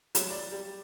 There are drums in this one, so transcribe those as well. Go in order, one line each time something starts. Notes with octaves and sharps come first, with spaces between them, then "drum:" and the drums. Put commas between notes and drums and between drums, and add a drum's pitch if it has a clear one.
F#3, drum: hi-hat
D5
G3